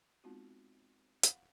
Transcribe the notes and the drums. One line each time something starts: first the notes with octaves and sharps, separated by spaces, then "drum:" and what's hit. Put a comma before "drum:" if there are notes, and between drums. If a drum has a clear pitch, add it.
G#3 B3 C4 D#4 F4 F#4
F5 F#5, drum: hi-hat